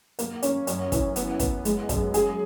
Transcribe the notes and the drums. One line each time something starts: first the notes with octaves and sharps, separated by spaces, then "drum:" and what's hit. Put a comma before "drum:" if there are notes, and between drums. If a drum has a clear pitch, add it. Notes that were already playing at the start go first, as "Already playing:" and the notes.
A#3, drum: hi-hat
C#4, drum: hi-hat
F#2, drum: hi-hat
E3, drum: kick, hi-hat
B3, drum: hi-hat
B3, drum: kick, hi-hat
G#3, drum: hi-hat
F#2, drum: kick, hi-hat
G#4, drum: hi-hat